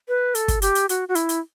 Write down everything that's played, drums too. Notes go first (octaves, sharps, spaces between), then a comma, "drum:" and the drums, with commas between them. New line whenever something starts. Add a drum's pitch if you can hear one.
B4
A4, drum: hi-hat
drum: kick, hi-hat
G4, drum: hi-hat
drum: hi-hat
F#4, drum: hi-hat
F#4
E4, drum: hi-hat
drum: hi-hat